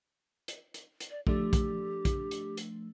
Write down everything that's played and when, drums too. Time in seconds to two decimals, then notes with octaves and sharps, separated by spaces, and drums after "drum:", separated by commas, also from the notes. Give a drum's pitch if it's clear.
0.48 drum: hi-hat
0.74 drum: hi-hat
1.00 drum: hi-hat
1.10 D5
1.27 F3 A3 D4 G4, drum: kick
1.53 drum: kick, hi-hat
2.05 drum: kick, hi-hat
2.31 drum: hi-hat
2.57 drum: hi-hat